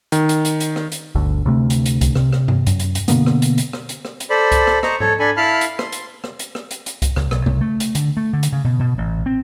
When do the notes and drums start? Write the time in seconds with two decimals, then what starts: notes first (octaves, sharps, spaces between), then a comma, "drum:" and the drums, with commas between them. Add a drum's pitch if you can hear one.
0.12 D#3, drum: hi-hat
0.29 drum: hi-hat
0.45 drum: hi-hat
0.60 drum: hi-hat
0.76 drum: rim click
0.92 drum: hi-hat
1.15 G1 D2 D3
1.46 D2 C3 A3
1.70 drum: hi-hat
1.86 drum: hi-hat
2.01 drum: kick C2, hi-hat
2.15 C3, drum: rim click
2.33 drum: rim click
2.48 drum: tom G2
2.67 F#2, drum: hi-hat
2.79 drum: hi-hat
2.95 drum: hi-hat
3.08 B2 D3 A#3 B3, drum: hi-hat
3.26 drum: rim click
3.42 drum: hi-hat
3.58 drum: hi-hat
3.73 drum: rim click
3.89 drum: hi-hat
4.05 drum: rim click
4.20 drum: hi-hat
4.30 A4 C5 D5 B5
4.52 drum: kick C2, hi-hat
4.67 drum: rim click
4.83 C5 D#5 A#5 C#6, drum: rim click
5.00 A4 C#5, drum: tom G#2
5.19 D4 A4 G#5 B5
5.37 E4 F5 A5 B5 F6
5.61 drum: hi-hat
5.79 C6, drum: rim click
5.92 drum: hi-hat
6.24 drum: rim click
6.39 drum: hi-hat
6.55 drum: rim click
6.71 drum: hi-hat
6.86 drum: hi-hat
7.02 drum: kick C2, hi-hat
7.16 C#2, drum: rim click
7.31 B1, drum: rim click
7.46 C2, drum: tom C#3
7.61 A3
7.80 drum: hi-hat
7.95 D3, drum: hi-hat
8.17 A3
8.33 D3
8.43 drum: hi-hat
8.53 C#3
8.64 B2
8.79 B2
8.98 A1
9.26 C4